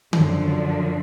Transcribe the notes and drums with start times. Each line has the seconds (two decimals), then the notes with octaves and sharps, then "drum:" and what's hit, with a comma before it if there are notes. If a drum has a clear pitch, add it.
0.13 F#2 D3 F3, drum: tom D3